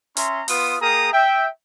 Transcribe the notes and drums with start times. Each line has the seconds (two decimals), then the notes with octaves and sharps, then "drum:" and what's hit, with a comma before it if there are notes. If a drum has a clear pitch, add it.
0.17 C#4 E5 A#5 C6, drum: hi-hat
0.48 B3 F4 B4 C6 D#6, drum: open hi-hat
0.80 A#3 G#4 A#4 G5 A#5 D#6
1.12 E5 G5